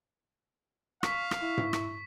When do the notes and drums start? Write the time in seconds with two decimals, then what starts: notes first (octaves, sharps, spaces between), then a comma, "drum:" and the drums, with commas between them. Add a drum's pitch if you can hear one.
1.03 F5 C#6 B6, drum: rim click
1.31 drum: rim click
1.42 E4
1.58 drum: tom G#2
1.73 drum: rim click